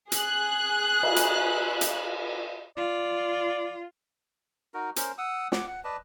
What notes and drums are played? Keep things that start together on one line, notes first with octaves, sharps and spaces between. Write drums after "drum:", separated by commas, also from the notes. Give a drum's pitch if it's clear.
G#4 F#6, drum: hi-hat
drum: cymbal
drum: hi-hat
drum: hi-hat
F4 D5
D#4 F#4 A#4
C#4 A#4 C5, drum: hi-hat
F#5 D#6 E6
F#5 D6, drum: snare
F#5
B4 D5 D#5 A5